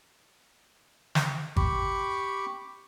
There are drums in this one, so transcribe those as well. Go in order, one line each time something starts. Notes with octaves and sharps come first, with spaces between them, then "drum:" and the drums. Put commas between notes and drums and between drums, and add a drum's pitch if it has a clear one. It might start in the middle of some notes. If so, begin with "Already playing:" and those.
drum: snare
G4 B5 C#6 D6, drum: kick G#1